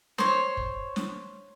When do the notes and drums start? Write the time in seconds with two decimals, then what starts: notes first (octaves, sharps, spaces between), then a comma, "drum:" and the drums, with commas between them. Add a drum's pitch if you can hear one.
0.18 C5 C#5, drum: snare
0.57 drum: kick
0.96 drum: snare